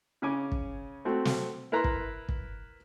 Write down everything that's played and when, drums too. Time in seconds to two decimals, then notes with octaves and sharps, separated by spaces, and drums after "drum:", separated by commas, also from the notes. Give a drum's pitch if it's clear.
0.22 C#3 C#4 G#5 D6
0.52 drum: kick
1.05 A3 C4 F#4
1.25 drum: snare
1.72 E4 A#4 B4 A#5 C6
1.84 drum: kick
2.29 drum: kick